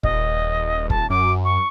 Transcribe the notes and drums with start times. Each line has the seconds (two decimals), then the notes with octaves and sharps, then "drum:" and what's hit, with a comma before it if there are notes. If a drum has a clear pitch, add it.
0.03 D#1 D#5, drum: kick
0.90 A5, drum: kick
1.10 F#2 D6
1.45 C#6